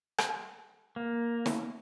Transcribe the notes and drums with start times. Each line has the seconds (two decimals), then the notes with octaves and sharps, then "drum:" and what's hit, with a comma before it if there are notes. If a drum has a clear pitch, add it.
0.18 drum: rim click
0.96 A#3
1.46 drum: snare